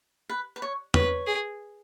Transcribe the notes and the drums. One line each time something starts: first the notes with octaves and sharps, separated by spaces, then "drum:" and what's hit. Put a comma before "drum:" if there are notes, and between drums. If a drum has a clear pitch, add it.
B4
B4
C#5
B4 C#5, drum: tom
G#4